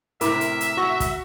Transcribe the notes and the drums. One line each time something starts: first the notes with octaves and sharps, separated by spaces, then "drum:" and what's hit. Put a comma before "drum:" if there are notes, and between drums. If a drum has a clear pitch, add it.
A2 C3 A#4 E5 D6, drum: hi-hat
drum: hi-hat
drum: hi-hat
F#4 C#6 A#6
drum: kick, hi-hat